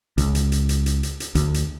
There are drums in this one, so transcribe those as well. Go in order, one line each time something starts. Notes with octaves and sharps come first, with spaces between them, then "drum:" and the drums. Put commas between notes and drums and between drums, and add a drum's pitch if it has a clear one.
C#2, drum: hi-hat
drum: hi-hat
drum: hi-hat
drum: hi-hat
drum: hi-hat
drum: hi-hat
drum: hi-hat
D2, drum: hi-hat
drum: hi-hat